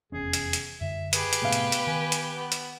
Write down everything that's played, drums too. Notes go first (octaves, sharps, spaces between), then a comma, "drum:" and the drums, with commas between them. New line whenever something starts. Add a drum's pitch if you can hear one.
F1 E2 C#4 G#4
drum: hi-hat
drum: hi-hat
F#2 D3 E5
G4 G#4 B4, drum: hi-hat
drum: hi-hat
A2 C3 A3 B3 F5
drum: hi-hat
drum: hi-hat
D#3 G#5
drum: hi-hat
B3
drum: hi-hat